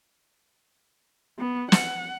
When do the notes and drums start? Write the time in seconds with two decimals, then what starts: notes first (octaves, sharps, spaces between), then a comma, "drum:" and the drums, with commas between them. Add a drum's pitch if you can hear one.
1.39 B3
1.72 F#5, drum: snare